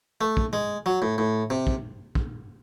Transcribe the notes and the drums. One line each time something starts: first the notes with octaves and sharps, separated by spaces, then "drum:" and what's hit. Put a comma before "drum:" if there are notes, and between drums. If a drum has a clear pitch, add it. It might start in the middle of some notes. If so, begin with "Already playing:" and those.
A3
drum: kick
G#3
F#3
A2
A2
C3
drum: kick
drum: kick